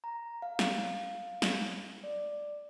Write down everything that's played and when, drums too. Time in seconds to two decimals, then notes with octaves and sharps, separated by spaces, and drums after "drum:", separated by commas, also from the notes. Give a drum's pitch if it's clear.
0.04 A#5
0.42 F5
0.59 drum: snare
1.42 drum: snare
2.04 D5